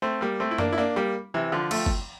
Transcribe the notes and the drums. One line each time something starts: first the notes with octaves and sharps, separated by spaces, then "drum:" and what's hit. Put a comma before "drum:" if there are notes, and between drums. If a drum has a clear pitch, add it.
A3 C4
G3 A#3
A3 C4
E4
A#3 D4, drum: tom F#2
E4
A#3 D4
G3 A#3
C3 E3
D3 F3
F3 A3, drum: cymbal
drum: kick